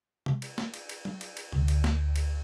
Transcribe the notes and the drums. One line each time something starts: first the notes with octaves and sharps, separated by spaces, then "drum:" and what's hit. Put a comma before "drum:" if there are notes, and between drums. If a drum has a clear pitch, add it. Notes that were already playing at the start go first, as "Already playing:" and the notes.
drum: tom C3
drum: cymbal
drum: snare
drum: cymbal
drum: cymbal
drum: tom
drum: cymbal
drum: cymbal
D2, drum: tom C3
drum: cymbal
drum: snare
drum: cymbal